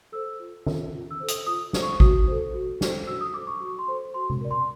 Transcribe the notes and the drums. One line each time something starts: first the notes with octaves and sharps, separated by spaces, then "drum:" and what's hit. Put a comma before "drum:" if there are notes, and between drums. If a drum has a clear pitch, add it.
A4 C5 E6
F4
A4 C5, drum: tom
F4
E6
A4 C5
D#6, drum: hi-hat
F4 D#6
A4 C5, drum: snare
C#6
F#4 D#6, drum: kick
A4 C5
F#4
A4 C5, drum: snare
F#4 E6
D#6
A4 C5 D6
C#6
F#4 C#6
C6
A4 C5
F#4 C6
drum: tom C3
A#4 D5
C6